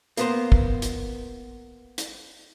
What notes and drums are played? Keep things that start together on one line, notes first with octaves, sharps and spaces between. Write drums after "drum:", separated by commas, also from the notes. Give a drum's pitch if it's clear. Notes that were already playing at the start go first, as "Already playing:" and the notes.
A#3 B3 C5, drum: hi-hat
drum: kick
drum: hi-hat
drum: hi-hat